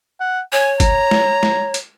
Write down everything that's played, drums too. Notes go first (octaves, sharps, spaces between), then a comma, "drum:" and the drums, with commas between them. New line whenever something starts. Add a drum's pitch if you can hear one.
F#5
C#5 G#5
A#5, drum: kick, hi-hat
drum: snare
drum: snare
drum: hi-hat